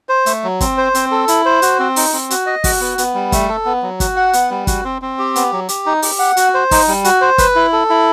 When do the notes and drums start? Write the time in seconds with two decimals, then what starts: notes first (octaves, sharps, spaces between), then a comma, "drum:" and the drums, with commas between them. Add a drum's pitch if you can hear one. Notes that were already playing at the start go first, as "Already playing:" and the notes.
0.09 C5
0.26 A3, drum: hi-hat
0.44 F#3
0.60 C4, drum: kick, hi-hat
0.77 C5
0.95 C4, drum: hi-hat
1.11 A4
1.28 E4, drum: hi-hat
1.46 C5
1.62 F#4, drum: hi-hat
1.79 C4
1.96 D#4, drum: open hi-hat
2.13 C4
2.30 F#4, drum: hi-hat
2.46 D#5
2.64 F#4, drum: kick, open hi-hat
2.80 B3
2.98 B3, drum: hi-hat
3.14 G3
3.32 A3, drum: kick, hi-hat
3.49 A4
3.65 B3
3.82 F#3
4.00 F#4, drum: kick, hi-hat
4.16 F#5
4.33 B3, drum: hi-hat
4.51 G3
4.67 F#4, drum: kick, hi-hat
4.84 C4
5.02 C4
5.19 G4
5.36 B3, drum: hi-hat
5.52 F#3
5.69 G4, drum: hi-hat
5.86 D#4
6.02 G4, drum: open hi-hat
6.19 F#5
6.37 F#4, drum: hi-hat
6.54 C5
6.71 D#4, drum: kick, open hi-hat
6.88 G3
7.04 F#4, drum: hi-hat
7.21 C5
7.38 B4, drum: kick, hi-hat
7.55 E4
7.73 A4
7.90 E4